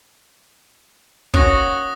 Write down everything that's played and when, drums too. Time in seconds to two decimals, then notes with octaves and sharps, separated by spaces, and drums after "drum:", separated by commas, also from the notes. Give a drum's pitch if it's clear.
1.34 A#3 C#4 F#4 C#5 D#6 F#6 A#6, drum: kick